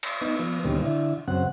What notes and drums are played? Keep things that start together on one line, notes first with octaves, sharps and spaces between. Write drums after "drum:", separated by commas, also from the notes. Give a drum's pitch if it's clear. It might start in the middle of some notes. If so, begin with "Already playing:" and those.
drum: cymbal
B3 D#4
F3 B3
D2 A#2 D#3 G3 B3 C#4
D3 E4
F#2 C#3 C4 F#5